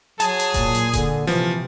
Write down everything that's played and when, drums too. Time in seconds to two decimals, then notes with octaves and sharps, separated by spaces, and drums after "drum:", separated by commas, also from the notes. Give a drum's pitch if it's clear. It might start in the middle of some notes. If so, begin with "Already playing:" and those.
0.20 F#3 G#4 A5, drum: hi-hat
0.39 drum: hi-hat
0.54 A#2, drum: kick D#1, hi-hat
0.75 drum: hi-hat
0.93 D3, drum: kick D#1, hi-hat
1.27 C3 E3 F3, drum: snare